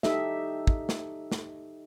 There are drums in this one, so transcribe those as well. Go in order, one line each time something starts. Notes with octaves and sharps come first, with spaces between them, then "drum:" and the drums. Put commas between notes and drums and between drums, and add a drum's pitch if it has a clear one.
D#4 G4 A4 D#5 E5, drum: snare
drum: kick
drum: snare
drum: snare